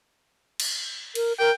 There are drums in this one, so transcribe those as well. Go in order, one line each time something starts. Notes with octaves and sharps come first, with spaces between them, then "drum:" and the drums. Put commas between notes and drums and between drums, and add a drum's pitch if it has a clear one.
drum: cymbal
A#4, drum: cymbal
A#4 G5